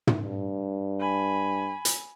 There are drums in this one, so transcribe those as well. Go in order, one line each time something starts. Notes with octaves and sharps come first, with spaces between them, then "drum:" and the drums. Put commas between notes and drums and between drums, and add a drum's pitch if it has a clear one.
drum: tom
G2
G#5 B5
drum: hi-hat